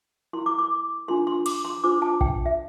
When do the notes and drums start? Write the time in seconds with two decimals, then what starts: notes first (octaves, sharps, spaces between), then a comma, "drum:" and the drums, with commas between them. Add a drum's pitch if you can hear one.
0.33 E4 A#4 C6
0.46 D6
0.58 D6
1.08 D4 F4 A#4 C6
1.27 C6
1.46 D6, drum: cymbal
1.65 C6
1.84 D4 F4 C5 D6
2.02 A5
2.21 G5, drum: kick A#1
2.46 E5